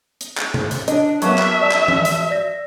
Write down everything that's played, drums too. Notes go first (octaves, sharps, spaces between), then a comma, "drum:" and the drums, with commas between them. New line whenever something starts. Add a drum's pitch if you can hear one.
drum: hi-hat
drum: clap
drum: tom C3
drum: hi-hat
D4 D#5, drum: hi-hat
F#3 A#3 B3 E5 A5 C#6, drum: hi-hat
drum: clap
D5 A5
drum: clap
drum: tom
drum: hi-hat
D5 A#6